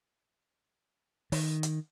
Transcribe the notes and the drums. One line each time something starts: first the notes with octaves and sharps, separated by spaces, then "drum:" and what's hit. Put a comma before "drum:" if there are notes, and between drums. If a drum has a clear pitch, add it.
D#3, drum: open hi-hat
drum: hi-hat